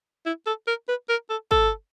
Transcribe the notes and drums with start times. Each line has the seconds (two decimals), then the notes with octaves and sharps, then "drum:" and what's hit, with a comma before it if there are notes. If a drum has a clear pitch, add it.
0.26 E4
0.46 A4
0.67 A#4
0.88 B4
1.09 A#4
1.30 A4
1.51 A4, drum: kick